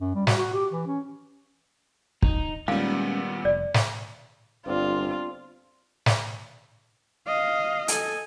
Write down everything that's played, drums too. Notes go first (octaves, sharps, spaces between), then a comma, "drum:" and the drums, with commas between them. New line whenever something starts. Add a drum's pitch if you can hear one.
F#2
G3
F#4, drum: snare
F#4
G4
E3
C#4
D#4, drum: kick
A#2 D#3 G3 G#3 B3 C#4 F5
F1 D5
drum: snare
G1 C4 D4 F4
drum: snare
D#5 F5
A4 G#5, drum: hi-hat